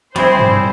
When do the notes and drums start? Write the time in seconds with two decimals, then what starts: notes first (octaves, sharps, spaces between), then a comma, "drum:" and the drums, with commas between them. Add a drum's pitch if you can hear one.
0.16 G3 C4 E4 G#4 C5, drum: cymbal
0.39 drum: tom G2